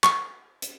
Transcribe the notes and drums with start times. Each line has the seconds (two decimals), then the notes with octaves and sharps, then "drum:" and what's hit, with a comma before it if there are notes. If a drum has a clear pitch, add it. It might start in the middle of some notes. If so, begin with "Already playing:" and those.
0.04 C#6, drum: clap
0.62 drum: hi-hat